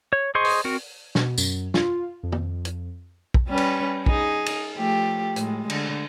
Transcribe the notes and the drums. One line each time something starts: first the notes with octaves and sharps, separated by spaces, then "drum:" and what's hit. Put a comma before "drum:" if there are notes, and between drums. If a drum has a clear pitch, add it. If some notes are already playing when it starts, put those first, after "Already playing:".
C#5
G#4 C5 D#5 C6 C#6
drum: open hi-hat
C4 F#4 A#4
B2, drum: snare
F#2, drum: tambourine
F4, drum: snare
F2
drum: tom
drum: hi-hat
drum: kick
G3 C#4 B4
drum: cymbal
D#4 G#4, drum: kick
drum: cymbal
F3 A3 G4
A2 G#3, drum: hi-hat
D3, drum: cymbal